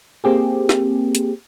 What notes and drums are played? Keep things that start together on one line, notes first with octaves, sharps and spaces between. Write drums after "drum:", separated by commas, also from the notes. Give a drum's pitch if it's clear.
A#3 C4 G4 G#4
drum: snare
drum: hi-hat